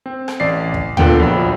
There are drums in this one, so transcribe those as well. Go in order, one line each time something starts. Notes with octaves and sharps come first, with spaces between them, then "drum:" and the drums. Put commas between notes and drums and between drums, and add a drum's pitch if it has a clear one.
C4
drum: rim click
A1 D5 C7
drum: kick
A#2 D3 B3 F#5 G5, drum: tom D2
A#1 F#3 B5